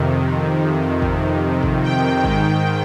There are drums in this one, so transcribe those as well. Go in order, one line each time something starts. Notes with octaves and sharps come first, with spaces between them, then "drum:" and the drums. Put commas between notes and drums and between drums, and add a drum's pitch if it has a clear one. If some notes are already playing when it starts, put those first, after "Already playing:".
Already playing: F2 C3 D#3
drum: kick
drum: kick
G5
G#2 D#3, drum: kick